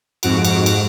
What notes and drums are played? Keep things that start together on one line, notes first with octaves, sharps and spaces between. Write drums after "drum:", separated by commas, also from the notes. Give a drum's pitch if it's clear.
F2 G#2 F#4 D7, drum: cymbal
drum: cymbal
drum: cymbal